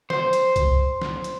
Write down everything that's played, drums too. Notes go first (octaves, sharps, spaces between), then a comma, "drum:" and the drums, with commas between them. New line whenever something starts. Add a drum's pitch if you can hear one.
C5, drum: snare
drum: hi-hat
drum: kick C#2, hi-hat
drum: snare
drum: hi-hat